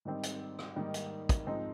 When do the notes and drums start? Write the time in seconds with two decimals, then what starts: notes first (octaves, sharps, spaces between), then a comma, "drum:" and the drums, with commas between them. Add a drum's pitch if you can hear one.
0.05 G#2 D#3 G3 C4
0.23 drum: hi-hat
0.59 drum: rim click
0.76 G#2 D#3 G3 A#3
0.94 drum: hi-hat
1.29 drum: kick, hi-hat
1.47 G#2 F3 G#3 C4 D#4